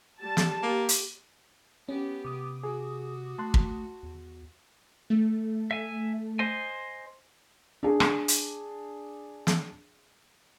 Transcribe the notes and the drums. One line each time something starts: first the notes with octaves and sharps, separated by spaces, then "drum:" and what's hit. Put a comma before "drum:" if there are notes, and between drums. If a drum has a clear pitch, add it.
G3 A5
drum: snare
A#3 G4
drum: hi-hat
B3 C#4 G4
C3 D6 D#6
F#4 G#4
A3 A5 C6 F#6
drum: kick
E2
A3
E5 G#5
C5 D#5 G#5
D4 G#4
drum: rim click
drum: hi-hat
drum: snare